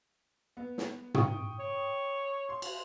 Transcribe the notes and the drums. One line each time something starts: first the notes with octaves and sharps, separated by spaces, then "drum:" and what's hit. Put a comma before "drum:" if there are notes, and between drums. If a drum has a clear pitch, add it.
B3
drum: snare
G5 C#6 D#6, drum: tom
C#5
C6
drum: cymbal